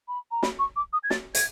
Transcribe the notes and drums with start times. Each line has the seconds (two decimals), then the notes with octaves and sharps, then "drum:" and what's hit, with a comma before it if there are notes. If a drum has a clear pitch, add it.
0.08 B5
0.31 A#5
0.43 B5, drum: snare
0.59 C#6
0.76 D6
0.93 D#6
1.04 G#6
1.10 A6, drum: snare
1.35 G#6, drum: hi-hat